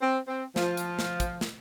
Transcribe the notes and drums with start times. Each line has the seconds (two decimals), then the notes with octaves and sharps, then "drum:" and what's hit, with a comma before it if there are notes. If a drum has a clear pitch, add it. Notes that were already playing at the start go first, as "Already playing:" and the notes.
0.01 C4
0.28 C4
0.56 F3, drum: snare
0.77 drum: hi-hat
0.99 drum: snare
1.20 drum: kick, hi-hat
1.41 drum: snare